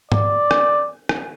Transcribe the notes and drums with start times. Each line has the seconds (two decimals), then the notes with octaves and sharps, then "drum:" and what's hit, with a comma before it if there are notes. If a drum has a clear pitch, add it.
0.12 D5, drum: tom G#2
0.51 drum: rim click
1.09 drum: rim click